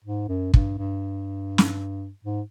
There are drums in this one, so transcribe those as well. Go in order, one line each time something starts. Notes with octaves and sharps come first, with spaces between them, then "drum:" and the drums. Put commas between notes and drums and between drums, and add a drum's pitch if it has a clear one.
G#2
F#2
G2, drum: kick
G2
drum: snare
G#2